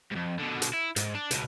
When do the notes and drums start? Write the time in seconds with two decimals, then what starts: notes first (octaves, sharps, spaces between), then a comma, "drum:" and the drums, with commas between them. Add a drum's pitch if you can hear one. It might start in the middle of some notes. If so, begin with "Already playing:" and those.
0.12 F2 G#2
0.39 B2 D3
0.62 drum: hi-hat
0.73 E4
0.96 G#2, drum: hi-hat
1.15 D4
1.31 C#2 B2, drum: hi-hat